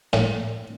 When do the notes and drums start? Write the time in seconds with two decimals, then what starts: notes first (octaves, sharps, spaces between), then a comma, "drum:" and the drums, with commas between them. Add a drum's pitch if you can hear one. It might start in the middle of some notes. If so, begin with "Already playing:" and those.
0.13 A2, drum: snare